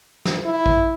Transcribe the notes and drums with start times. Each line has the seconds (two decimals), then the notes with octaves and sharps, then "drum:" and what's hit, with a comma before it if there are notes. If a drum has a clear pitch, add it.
0.25 drum: snare
0.46 E4
0.66 drum: kick